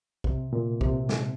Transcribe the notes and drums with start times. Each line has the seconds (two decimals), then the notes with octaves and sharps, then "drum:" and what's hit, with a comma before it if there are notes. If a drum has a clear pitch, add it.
0.24 C3, drum: kick
0.53 A#2
0.81 C3, drum: kick
1.09 drum: snare